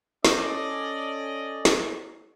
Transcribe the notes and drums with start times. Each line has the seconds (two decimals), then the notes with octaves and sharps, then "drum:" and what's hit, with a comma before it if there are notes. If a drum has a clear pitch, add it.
0.25 C#4 A4 D5 D#5, drum: snare
1.65 drum: snare